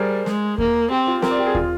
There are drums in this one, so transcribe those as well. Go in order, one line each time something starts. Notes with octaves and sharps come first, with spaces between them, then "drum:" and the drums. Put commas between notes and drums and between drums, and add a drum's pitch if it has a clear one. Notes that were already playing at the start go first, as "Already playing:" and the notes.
Already playing: G3 G#4 A#4 C5 D5
G#3, drum: snare
A#3, drum: kick D#2
C4 G4
F4
C4 A#4, drum: snare
D5
G4
G#4
F4, drum: kick D#2